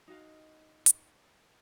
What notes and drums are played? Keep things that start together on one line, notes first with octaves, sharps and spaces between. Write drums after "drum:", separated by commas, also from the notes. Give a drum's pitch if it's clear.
D#4 F#4 D#5 F5
drum: hi-hat